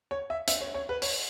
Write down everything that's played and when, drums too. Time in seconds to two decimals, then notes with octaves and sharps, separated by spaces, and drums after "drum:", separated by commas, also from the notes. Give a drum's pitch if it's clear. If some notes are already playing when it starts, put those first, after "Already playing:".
0.11 C#5
0.30 E5
0.48 E5, drum: hi-hat
0.61 C#5
0.74 C#5
0.89 B4
1.02 C#5, drum: open hi-hat